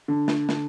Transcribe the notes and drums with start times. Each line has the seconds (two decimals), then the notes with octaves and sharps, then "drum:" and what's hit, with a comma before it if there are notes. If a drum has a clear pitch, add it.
0.08 D3
0.28 drum: snare
0.49 D3, drum: snare